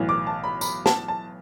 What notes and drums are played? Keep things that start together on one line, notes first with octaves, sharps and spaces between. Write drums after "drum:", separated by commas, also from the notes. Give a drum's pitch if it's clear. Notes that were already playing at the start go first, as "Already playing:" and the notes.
Already playing: B1 A2 E3
D6
A5
B5
B5, drum: tambourine
A5, drum: snare
A5